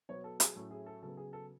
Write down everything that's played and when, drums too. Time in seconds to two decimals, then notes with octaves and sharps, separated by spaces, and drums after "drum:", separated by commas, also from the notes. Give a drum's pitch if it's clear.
0.09 B2 F#3 B3 C#5
0.24 A4
0.40 G#4, drum: hi-hat
0.55 A2 F#3 A3 C#4 A4
0.71 G#4
0.86 A4
1.02 C#3 F#3 B3 A4
1.17 G#4
1.33 A4